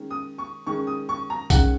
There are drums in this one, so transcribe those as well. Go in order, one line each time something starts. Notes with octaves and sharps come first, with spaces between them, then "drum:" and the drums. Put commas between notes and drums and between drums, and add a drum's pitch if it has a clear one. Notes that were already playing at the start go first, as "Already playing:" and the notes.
Already playing: D#3 G#3 C#4
D#6
C#6
D#3 G#3 C#4 C#6
D#6
C#6
A#5
D#3 G#3 C#4 F#5, drum: kick B1, tambourine